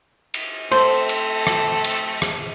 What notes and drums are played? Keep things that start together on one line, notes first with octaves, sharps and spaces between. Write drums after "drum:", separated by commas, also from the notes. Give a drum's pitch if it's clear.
drum: cymbal
A3 C4 A4 C5, drum: cymbal
drum: cymbal
drum: rim click
drum: cymbal
drum: rim click